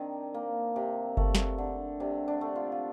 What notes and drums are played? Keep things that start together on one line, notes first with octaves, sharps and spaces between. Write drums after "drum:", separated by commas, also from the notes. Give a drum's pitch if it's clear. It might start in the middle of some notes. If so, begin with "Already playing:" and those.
Already playing: D#3 C4 D4
A#3
C3
A3, drum: kick G1
drum: snare
D3
C3 D4
D4
A3
F4
F4